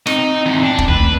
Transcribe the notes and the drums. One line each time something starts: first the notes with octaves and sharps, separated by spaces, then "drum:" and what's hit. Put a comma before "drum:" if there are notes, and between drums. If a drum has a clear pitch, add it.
C4 D#4, drum: rim click
E2 G#2
D4
drum: kick E1
D#2 A3 B4